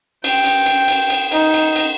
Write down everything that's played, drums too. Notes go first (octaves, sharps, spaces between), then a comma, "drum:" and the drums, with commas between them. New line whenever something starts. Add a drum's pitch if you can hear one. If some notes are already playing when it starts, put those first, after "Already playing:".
G5, drum: cymbal
drum: cymbal
drum: cymbal
drum: cymbal
drum: cymbal
D#4, drum: cymbal
drum: cymbal
drum: cymbal